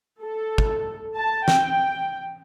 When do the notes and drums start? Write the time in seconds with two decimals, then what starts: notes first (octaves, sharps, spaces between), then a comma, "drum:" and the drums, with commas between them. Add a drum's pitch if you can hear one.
0.22 A4
0.58 drum: kick
1.16 A5
1.48 G5, drum: snare